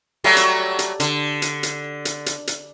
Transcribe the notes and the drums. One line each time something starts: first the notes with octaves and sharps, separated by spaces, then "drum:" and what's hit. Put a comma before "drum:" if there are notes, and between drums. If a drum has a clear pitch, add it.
F#3 G3 A3
drum: hi-hat
drum: hi-hat
D3, drum: hi-hat
drum: hi-hat
drum: hi-hat
drum: hi-hat
drum: hi-hat
drum: hi-hat